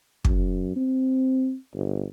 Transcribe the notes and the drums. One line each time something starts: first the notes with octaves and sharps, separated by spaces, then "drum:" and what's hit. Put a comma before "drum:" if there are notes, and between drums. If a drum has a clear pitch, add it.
F#2, drum: kick
C4
G1